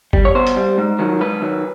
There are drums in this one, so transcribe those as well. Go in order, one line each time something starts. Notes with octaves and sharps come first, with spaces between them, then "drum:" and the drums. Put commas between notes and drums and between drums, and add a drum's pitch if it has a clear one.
G3, drum: kick G1
C#5
B2 C5
drum: hi-hat
G3
G#2
D#3 F#3
G#2 B4
D#3 F#3